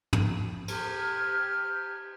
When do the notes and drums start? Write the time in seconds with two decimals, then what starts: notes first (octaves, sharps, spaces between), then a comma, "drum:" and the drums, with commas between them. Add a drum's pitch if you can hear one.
0.13 drum: tom
0.68 G4 F6 G#6, drum: cymbal